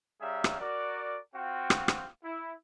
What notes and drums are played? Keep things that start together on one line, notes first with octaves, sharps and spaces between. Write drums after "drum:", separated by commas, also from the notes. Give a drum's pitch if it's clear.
G3 C#4 G#4 E5 F5 A#5
drum: rim click
F#4 A#4 D5
C4 F4 F#4 F5 G5
drum: rim click
drum: rim click
E4